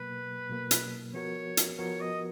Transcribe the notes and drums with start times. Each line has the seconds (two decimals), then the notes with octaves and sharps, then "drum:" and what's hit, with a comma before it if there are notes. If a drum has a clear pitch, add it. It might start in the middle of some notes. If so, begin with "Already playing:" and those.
Already playing: B2 F#3 A#3 B4
0.49 B2 F#3 A#3
0.71 drum: hi-hat
1.14 F3 B3 F#4 A#4 C#5
1.57 drum: hi-hat
1.78 F3 B3 F#4 A#4 C#5
2.01 D#5